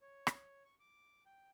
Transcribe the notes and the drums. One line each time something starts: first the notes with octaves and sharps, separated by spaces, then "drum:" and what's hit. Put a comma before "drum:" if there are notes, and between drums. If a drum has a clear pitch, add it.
C#5
drum: rim click
C#6
D6
G5